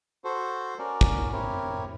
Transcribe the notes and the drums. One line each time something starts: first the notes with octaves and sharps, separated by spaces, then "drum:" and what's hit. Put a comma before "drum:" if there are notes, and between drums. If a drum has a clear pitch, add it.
F#4 A4 C5
C#4 F#4 A#4 D5
drum: kick
C4 E4 G4 A#4 C#5